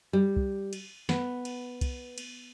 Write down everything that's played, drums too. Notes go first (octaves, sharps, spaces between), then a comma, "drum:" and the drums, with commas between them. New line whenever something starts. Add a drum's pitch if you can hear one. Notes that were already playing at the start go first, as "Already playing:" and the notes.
G3
drum: kick
drum: cymbal
B3, drum: snare
drum: cymbal
drum: kick, cymbal
drum: cymbal